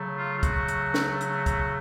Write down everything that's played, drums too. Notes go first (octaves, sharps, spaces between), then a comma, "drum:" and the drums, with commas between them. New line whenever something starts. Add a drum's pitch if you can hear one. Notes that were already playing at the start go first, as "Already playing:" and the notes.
Already playing: C#3 F#3 A3
F4
F4
F#4, drum: kick, hi-hat
drum: hi-hat
drum: snare
F#4, drum: hi-hat
F#4, drum: kick, hi-hat